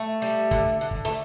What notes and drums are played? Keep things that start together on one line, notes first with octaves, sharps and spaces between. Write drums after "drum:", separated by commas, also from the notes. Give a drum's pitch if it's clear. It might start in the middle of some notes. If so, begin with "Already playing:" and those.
Already playing: A3
G3
D3, drum: kick
D3
drum: kick
A3